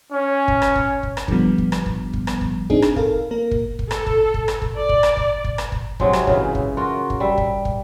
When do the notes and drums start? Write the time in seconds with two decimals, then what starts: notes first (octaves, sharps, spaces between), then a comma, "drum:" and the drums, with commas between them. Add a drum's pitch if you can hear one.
0.12 C#4
0.48 drum: kick
0.62 drum: rim click
0.75 drum: kick
1.03 drum: kick
1.17 drum: rim click
1.28 D3 F3 G3 B3, drum: kick
1.58 drum: kick
1.72 drum: rim click
1.86 drum: kick
2.13 drum: kick
2.27 drum: rim click
2.41 drum: kick
2.70 C4 D4 D#4 G#4, drum: kick
2.82 drum: rim click
2.96 A4 A#4 F5, drum: kick
3.31 A#3 A#4
3.51 drum: kick
3.79 drum: kick
3.91 A4, drum: rim click
4.06 drum: kick
4.34 drum: kick
4.48 drum: rim click
4.62 drum: kick
4.76 D5
4.89 drum: kick
5.03 drum: rim click
5.17 drum: kick
5.44 drum: kick
5.58 drum: rim click
5.72 drum: kick
6.00 C3 F#3 G#3 D#4, drum: kick
6.13 drum: rim click
6.27 C#3 E3 E4, drum: kick
6.55 drum: kick
6.77 F4 F#4 A#4
7.10 drum: kick
7.20 G3 E5
7.37 drum: kick
7.65 drum: kick